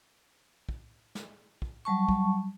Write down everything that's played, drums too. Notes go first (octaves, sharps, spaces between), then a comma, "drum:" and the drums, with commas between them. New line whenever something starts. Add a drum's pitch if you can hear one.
drum: kick
drum: snare
drum: kick
F#3 G3 A5 C#6
drum: kick